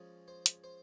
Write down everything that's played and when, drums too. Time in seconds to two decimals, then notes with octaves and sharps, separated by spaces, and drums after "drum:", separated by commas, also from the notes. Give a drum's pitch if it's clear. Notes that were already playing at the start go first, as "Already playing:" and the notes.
Already playing: F3 G#3 C#4
0.28 C5
0.46 drum: hi-hat
0.64 C5